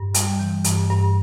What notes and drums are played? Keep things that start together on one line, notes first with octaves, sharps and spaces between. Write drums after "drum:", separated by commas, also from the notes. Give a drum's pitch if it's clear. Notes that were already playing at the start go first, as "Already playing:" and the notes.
Already playing: G2
G3, drum: hi-hat
E3
G2, drum: hi-hat
G2